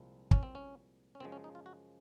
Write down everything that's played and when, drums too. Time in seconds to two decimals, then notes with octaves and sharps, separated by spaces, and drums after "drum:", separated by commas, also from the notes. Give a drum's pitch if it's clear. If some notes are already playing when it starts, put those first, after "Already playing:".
Already playing: C2 A#2 F3 G#3
0.31 C#4, drum: kick
0.43 C4
0.55 C#4
1.15 C#4
1.20 F#2 C#3 F3 G#3 C4
1.32 C#4
1.44 D#4
1.55 F4
1.66 F#4